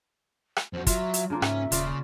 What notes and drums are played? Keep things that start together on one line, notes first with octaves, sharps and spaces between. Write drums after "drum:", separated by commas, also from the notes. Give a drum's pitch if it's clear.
drum: rim click
F2 F#4 C5
F#3 F4 E5, drum: kick, hi-hat
drum: hi-hat
C#3 A#3 D4 F4
G#2 C#4 E5, drum: rim click
D#1 C#3 F4 D5 F5, drum: hi-hat